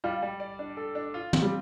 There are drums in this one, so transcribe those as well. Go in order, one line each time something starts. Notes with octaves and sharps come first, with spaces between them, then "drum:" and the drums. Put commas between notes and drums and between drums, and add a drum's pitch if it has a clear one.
G3 F4
G3
D5
D4
A4
D4
F4
C4, drum: tom
G3